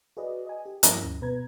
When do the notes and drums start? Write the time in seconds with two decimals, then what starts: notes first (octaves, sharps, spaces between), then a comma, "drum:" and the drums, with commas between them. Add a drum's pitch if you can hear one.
0.17 F#4 G#4 B4 D5 D#5
0.47 D#5 G#5
0.66 G4
0.83 G2 F3 C#4 E4 A#4 A#6, drum: hi-hat
1.04 D2
1.21 B2 B3 B4 A#5 G#6